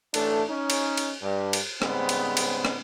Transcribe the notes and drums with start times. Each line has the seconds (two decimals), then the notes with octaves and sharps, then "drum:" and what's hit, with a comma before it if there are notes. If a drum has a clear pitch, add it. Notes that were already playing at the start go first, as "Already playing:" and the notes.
0.14 A1 A3 D4 A4, drum: cymbal
0.49 C#4 D#4
0.70 drum: cymbal
0.97 drum: cymbal
1.22 G2
1.53 drum: cymbal
1.82 G#2 C#3 G3 B3 C4, drum: rim click
2.09 drum: cymbal
2.37 drum: cymbal
2.65 drum: rim click